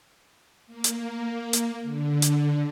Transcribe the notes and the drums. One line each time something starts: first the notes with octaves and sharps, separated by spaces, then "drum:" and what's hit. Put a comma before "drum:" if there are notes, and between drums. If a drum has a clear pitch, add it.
A#3
drum: hi-hat
drum: hi-hat
D3
drum: hi-hat